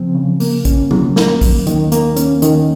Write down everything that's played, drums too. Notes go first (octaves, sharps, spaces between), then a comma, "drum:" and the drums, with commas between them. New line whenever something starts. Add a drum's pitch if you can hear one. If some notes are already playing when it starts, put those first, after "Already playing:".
Already playing: C#3 F3 C4
C#3
A#3, drum: open hi-hat
C#4, drum: kick A#1, hi-hat
F#3, drum: tom D3
A#3, drum: snare
D#2, drum: kick A#1, open hi-hat
D#3, drum: hi-hat
A#3, drum: hi-hat
C#4, drum: hi-hat
D#3, drum: hi-hat